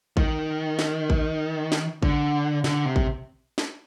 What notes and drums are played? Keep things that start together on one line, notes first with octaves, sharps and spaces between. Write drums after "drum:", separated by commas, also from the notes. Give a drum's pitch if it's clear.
D#3, drum: kick A1
drum: snare
drum: kick A1
drum: snare
D3, drum: kick A1
D3, drum: snare
C3
drum: kick A1
drum: snare